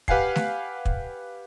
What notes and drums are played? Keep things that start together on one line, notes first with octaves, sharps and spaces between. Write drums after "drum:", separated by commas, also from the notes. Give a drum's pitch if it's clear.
G4 B4 F5 F#5 G#5 C7, drum: kick
drum: snare A3
drum: kick